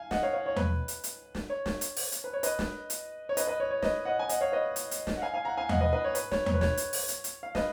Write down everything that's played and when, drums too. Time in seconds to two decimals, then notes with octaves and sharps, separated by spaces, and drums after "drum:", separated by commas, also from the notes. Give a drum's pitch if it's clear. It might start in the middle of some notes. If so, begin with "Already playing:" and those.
Already playing: F5 G#5
0.11 D#5 F#5, drum: snare
0.23 C#5 F5
0.33 C#5 F5
0.46 C#5
0.56 B4, drum: tom E2
0.88 drum: hi-hat
1.04 drum: hi-hat
1.35 drum: snare
1.50 C#5
1.66 drum: snare
1.81 drum: hi-hat
1.97 drum: open hi-hat
2.12 drum: hi-hat
2.24 B4
2.33 C#5
2.43 B4 D#5, drum: hi-hat
2.59 drum: snare
2.90 drum: hi-hat
3.29 C#5
3.37 B4 D#5, drum: hi-hat
3.47 B4 D#5
3.60 C#5
3.71 C#5
3.82 B4 D#5, drum: snare
4.05 D#5 F#5
4.19 G#5
4.29 D#5 F#5, drum: hi-hat
4.41 C#5 F5
4.52 B4 D#5
4.76 drum: hi-hat
4.91 drum: hi-hat
5.07 drum: snare
5.17 F#5
5.22 F5 G#5
5.34 F5 G#5
5.45 F#5 A#5
5.57 F5 G#5
5.69 D#5 F#5, drum: tom E2
5.81 B4 D#5
5.93 B4 D#5
6.04 C#5
6.15 B4, drum: hi-hat
6.32 C#5, drum: snare
6.46 C#5, drum: tom E2
6.54 B4
6.61 C#5, drum: snare
6.77 drum: hi-hat
6.93 drum: open hi-hat
7.08 drum: hi-hat
7.24 drum: hi-hat
7.43 F5
7.55 B4 D#5, drum: snare